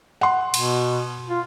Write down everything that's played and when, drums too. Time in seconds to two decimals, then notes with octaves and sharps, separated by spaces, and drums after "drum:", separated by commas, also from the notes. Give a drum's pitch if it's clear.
0.21 F#5 C6
0.54 B2, drum: cymbal
1.29 F4